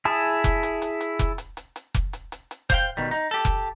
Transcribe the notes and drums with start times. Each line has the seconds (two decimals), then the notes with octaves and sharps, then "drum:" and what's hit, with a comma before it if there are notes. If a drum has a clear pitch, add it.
0.05 E4 G#4 A5
0.44 drum: kick F1, hi-hat
0.63 drum: hi-hat
0.82 drum: hi-hat
1.01 drum: hi-hat
1.19 drum: kick F1, hi-hat
1.38 drum: hi-hat
1.57 drum: hi-hat
1.76 drum: hi-hat
1.95 drum: kick F1, hi-hat
2.13 drum: hi-hat
2.32 drum: hi-hat
2.51 drum: hi-hat
2.70 C5 F5 G5, drum: kick F1, hi-hat
2.97 B2 D#3 G3
3.11 D#4
3.31 G4 A4
3.45 drum: kick F1, hi-hat